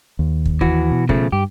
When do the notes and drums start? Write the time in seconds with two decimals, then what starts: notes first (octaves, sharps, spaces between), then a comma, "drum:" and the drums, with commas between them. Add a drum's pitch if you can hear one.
0.19 D#2
0.45 drum: kick
0.61 E3 F#4, drum: kick
0.91 B2
1.09 C#3 F3 A3, drum: kick
1.32 G2 G4